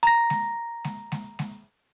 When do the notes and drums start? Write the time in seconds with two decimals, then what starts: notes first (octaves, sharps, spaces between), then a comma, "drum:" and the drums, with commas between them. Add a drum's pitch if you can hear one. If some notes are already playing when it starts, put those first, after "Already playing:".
0.03 A#5 A#6
0.30 drum: snare G#3
0.84 drum: snare G#3
1.12 drum: snare G#3
1.39 drum: snare G#3